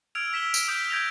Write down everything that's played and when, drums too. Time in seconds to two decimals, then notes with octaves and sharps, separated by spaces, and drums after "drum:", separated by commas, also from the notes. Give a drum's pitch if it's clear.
0.15 E6 F6 G#6 D7 F7
0.33 E6 B6 E7 G7
0.54 drum: tambourine
0.68 D#6 F6 G6 B6
0.90 D#6 G6 G#6 A#6 D7 F7